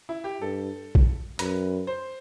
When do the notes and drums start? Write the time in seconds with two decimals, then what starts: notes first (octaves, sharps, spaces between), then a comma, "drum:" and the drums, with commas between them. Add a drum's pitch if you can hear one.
0.09 E4
0.24 G4
0.41 G2 A4
0.95 drum: kick A#1
1.39 F#2 B4, drum: hi-hat
1.87 C5